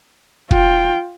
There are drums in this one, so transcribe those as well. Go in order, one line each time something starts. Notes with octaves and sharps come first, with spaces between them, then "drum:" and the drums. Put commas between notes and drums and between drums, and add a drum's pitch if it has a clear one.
F4 G5, drum: kick